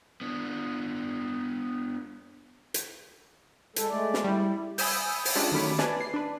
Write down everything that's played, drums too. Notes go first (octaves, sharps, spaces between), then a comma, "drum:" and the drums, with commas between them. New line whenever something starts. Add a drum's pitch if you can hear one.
B3 D4
drum: hi-hat
G#3 A4, drum: hi-hat
G#3 A3 D5
drum: snare
G3 E4
G#5 B5 D#6 E6 G6, drum: open hi-hat
drum: open hi-hat
G#3 C#4 D4 F4 G4 A4
D#3 F#3 A3 C#4 B5 D6
B4 D5 G#5 A5, drum: snare
C7
D4 B4